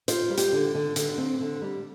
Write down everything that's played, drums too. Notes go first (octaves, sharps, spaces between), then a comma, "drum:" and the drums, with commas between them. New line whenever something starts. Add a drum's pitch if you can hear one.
F4 C5, drum: hi-hat
G3
G4, drum: hi-hat
D3
D3
D3, drum: hi-hat
C4
D3
G3